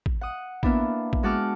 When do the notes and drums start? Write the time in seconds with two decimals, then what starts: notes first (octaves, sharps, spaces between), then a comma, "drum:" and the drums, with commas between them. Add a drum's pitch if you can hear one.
0.06 drum: kick A1
0.21 F#5 D#6
0.63 A#3 B3 D4 E4, drum: kick A1
1.13 drum: kick A1
1.23 G#3 F#4 F#5 A5 D6 F6